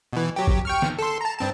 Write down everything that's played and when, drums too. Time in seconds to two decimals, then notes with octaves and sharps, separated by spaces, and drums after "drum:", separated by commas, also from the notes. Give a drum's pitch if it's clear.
0.13 B2 E3
0.36 F#3 G4
0.47 drum: kick
0.65 G5 C#6 F6
0.82 drum: snare
0.99 A4 C6
1.21 A5 A#5
1.39 G2 C4 A5